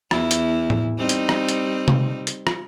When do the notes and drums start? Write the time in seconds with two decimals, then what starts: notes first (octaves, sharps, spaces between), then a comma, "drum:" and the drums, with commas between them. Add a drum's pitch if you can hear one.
0.11 E2 E4, drum: rim click
0.31 drum: hi-hat
0.70 drum: tom A2
0.99 G3 C4 D#4
1.09 drum: hi-hat
1.29 drum: rim click
1.49 drum: hi-hat
1.88 drum: tom C3
2.27 drum: hi-hat
2.47 drum: rim click